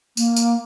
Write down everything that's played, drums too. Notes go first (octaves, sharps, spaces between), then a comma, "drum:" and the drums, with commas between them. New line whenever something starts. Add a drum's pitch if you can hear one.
A#3, drum: tambourine
drum: tambourine